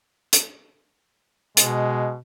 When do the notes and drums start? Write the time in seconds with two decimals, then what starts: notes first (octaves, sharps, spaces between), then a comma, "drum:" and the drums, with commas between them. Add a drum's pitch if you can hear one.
0.33 drum: hi-hat
1.57 B2 G#3, drum: hi-hat